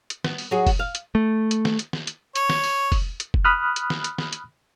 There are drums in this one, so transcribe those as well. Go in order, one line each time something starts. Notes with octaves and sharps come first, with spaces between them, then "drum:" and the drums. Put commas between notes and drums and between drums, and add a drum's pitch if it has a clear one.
drum: hi-hat
B3, drum: snare
drum: open hi-hat
F#3 F#4 G#4
drum: kick F1, open hi-hat
F5
drum: hi-hat
A3
drum: hi-hat
drum: snare
drum: hi-hat
drum: snare
drum: hi-hat
C#5, drum: hi-hat
drum: snare
drum: open hi-hat
drum: kick F1, open hi-hat
drum: hi-hat
drum: kick F1
B5 D#6 F6 F#6
drum: hi-hat
drum: snare
drum: hi-hat
drum: snare
drum: hi-hat